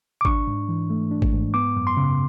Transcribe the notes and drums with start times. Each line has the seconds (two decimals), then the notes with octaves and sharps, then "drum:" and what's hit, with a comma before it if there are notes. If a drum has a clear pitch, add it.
0.21 D6
0.25 D4 C#6, drum: kick G#1
0.47 G#2
0.69 E3
0.90 A3
1.11 D4
1.22 drum: kick G#1
1.33 G#2
1.54 B3 D6
1.76 F#2
1.87 C6
1.97 C#3